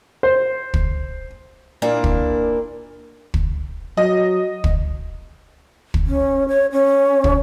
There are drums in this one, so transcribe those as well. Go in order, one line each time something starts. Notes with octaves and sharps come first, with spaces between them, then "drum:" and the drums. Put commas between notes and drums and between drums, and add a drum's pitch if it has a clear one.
C5
drum: kick
A#2 A#3 D4 E4
drum: kick
drum: kick
F#3 D#5
drum: kick
drum: kick
C#4
C#5
C#4
drum: kick